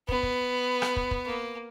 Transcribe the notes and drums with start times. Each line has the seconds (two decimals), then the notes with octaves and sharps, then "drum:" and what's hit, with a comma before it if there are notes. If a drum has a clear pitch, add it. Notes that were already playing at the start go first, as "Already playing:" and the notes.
0.09 B3, drum: kick
0.23 drum: kick
0.82 drum: rim click
0.96 drum: kick
1.11 drum: kick
1.26 A#3